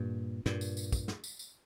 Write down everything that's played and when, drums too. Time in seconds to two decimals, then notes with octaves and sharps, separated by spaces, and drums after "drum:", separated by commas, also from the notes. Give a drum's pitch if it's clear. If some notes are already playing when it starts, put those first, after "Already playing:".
Already playing: G2 A#2
0.46 G2 A#2, drum: snare
0.61 drum: tambourine
0.77 drum: tambourine
0.92 drum: kick, tambourine
1.08 drum: snare
1.24 drum: tambourine
1.39 drum: tambourine